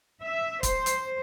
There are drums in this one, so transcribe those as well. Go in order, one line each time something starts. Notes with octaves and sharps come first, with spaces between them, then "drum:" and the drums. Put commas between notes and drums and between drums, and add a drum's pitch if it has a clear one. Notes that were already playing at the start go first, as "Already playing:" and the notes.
E5
C5, drum: kick, hi-hat
drum: hi-hat